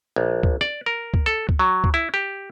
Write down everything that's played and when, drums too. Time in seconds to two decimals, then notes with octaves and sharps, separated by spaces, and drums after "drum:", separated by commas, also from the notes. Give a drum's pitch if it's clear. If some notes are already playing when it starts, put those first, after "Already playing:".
0.16 A#1
0.43 drum: kick
0.61 D5, drum: rim click
0.86 A#4
1.14 drum: kick
1.26 A4
1.49 drum: kick
1.59 F#3
1.84 drum: kick
1.94 E4
2.14 G4